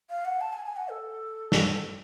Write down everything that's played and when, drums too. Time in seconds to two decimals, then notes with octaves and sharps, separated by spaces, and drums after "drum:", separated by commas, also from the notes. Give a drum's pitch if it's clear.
0.10 F5
0.25 F#5
0.41 A5
0.53 G#5
0.65 G#5
0.76 F#5
0.89 A4
1.52 drum: snare